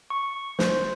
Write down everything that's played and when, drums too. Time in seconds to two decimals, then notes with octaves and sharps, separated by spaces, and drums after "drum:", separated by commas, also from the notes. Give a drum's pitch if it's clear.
0.10 C#6
0.59 C5, drum: snare